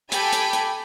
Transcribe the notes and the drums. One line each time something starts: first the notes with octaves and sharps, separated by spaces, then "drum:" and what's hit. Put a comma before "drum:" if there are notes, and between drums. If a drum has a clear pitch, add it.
G4 A4 G5 G#5 B5, drum: hi-hat
drum: hi-hat
drum: hi-hat